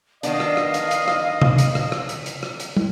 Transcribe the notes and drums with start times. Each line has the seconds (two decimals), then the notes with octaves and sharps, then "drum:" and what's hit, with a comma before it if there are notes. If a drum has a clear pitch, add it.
0.23 D#3 B3 D4 D#5 F5, drum: hi-hat
0.40 drum: rim click
0.57 drum: rim click
0.74 drum: hi-hat
0.91 drum: hi-hat
1.08 drum: rim click
1.41 drum: tom
1.58 drum: hi-hat
1.75 drum: rim click
1.92 drum: rim click
2.09 drum: hi-hat
2.26 drum: hi-hat
2.43 drum: rim click
2.60 drum: hi-hat
2.77 drum: tom